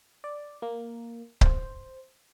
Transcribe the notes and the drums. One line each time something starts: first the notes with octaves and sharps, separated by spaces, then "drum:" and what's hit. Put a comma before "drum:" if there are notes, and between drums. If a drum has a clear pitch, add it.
D5
A#3
C5, drum: kick C#1